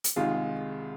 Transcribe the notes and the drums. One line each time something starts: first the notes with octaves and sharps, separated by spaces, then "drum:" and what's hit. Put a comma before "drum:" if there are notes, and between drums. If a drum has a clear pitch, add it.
drum: hi-hat
C2 C3 D#3 G#3 F4